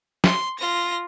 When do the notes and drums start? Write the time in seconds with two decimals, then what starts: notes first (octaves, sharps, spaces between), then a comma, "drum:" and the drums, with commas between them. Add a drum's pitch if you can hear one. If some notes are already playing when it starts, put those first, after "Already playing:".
0.24 C6, drum: snare
0.57 F4 A#6